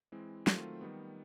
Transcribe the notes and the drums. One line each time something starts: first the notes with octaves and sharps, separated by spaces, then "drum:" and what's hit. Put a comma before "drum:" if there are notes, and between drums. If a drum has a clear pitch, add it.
E3 G#3 C4 E4
D#3 F#3 A3 C4 F4, drum: snare
D#3 G3 B3